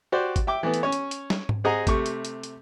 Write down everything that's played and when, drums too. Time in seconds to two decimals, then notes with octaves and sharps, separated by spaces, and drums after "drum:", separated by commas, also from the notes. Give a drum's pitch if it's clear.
0.12 F#4 G4 C5 D5
0.36 drum: kick G#1, hi-hat
0.47 E5 G5 D6
0.63 E3 A3 B3
0.74 drum: hi-hat
0.83 C#4 C#5
0.92 drum: hi-hat
1.11 drum: hi-hat
1.30 drum: snare
1.49 drum: tom G#2
1.64 C4 G#4 D#5 F#5 A#5
1.87 C3 A3 C#6, drum: kick G#1, hi-hat
2.06 drum: hi-hat
2.25 drum: hi-hat
2.43 drum: hi-hat